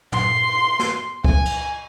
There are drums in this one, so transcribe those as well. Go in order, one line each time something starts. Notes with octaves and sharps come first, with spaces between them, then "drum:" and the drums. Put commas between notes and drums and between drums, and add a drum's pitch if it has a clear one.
C6, drum: tom
drum: snare
G#5, drum: kick C#2
drum: cymbal